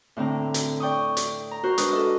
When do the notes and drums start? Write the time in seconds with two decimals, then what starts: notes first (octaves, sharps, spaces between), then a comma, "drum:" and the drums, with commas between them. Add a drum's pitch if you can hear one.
0.17 A2 D3 C4 A#5
0.54 drum: hi-hat
0.80 D5 G5 C#6 D#6
1.17 drum: hi-hat
1.51 A#5
1.63 F#4 A#4 C5
1.78 G#3 D4 A#4 B4 D#6, drum: hi-hat
1.93 A4 D#5